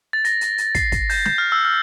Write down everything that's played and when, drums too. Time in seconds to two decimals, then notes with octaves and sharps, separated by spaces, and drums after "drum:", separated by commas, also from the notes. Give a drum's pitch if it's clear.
0.13 A6
0.25 A#6, drum: hi-hat
0.41 drum: hi-hat
0.58 drum: hi-hat
0.75 C7, drum: kick, hi-hat
0.92 drum: kick, hi-hat
1.10 G6, drum: open hi-hat
1.26 G6, drum: snare
1.38 F6
1.52 E6
1.65 F6